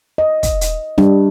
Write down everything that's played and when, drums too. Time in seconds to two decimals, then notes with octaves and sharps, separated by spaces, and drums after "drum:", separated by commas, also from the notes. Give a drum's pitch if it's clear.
0.18 D#5
0.43 drum: kick, hi-hat
0.61 drum: hi-hat
0.98 G3 D4, drum: snare